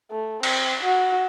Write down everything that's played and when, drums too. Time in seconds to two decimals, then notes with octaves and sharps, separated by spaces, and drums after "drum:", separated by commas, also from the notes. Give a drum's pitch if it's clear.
0.11 A3
0.43 C4, drum: cymbal
0.83 F#4